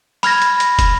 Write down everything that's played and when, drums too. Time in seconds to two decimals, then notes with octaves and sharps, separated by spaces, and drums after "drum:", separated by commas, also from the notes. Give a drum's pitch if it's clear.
0.23 B5 F6 G#6 A#6, drum: open hi-hat
0.42 drum: hi-hat
0.60 drum: hi-hat
0.79 drum: kick, hi-hat